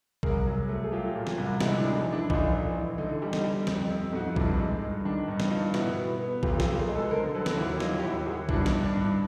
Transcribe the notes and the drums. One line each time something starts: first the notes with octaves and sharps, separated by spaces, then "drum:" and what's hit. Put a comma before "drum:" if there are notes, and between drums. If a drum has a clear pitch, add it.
C2 G#4 A#4, drum: kick A#1
F#3
A3
G#4
F#3 F4 G4
A#2
drum: snare
C2
G#3 E4 F#4, drum: snare
D4 E4
A#1
D#4
E3
D4 E4
A#1 D#4 F4, drum: kick A#1
A#1
E3
D3 D#4
G3
D#4, drum: snare
G3
F2 D#4, drum: snare
D#4
F2
F2 F#4
D#4 F4
G2 D4 E4, drum: kick A#1
G#3
D#4
G2
D#3 D4
G2 D#4
drum: snare
G2 D#4 F4
B2 E4 F#4, drum: snare
B3
B3
B1 F4 G4, drum: kick A#1
F4 G4, drum: snare
B1
G#4 A#4
G#3
A4 B4
D3 A#4 C5
F#3 A4 B4
drum: snare
D#2 E4 F#4
F#3 D#4 F4, drum: snare
G4
D#2 E4 F#4
D#2 F#4 G#4
G2 D4 E4, drum: kick A#1
D#4, drum: snare
G2
D4
G2
D4 E4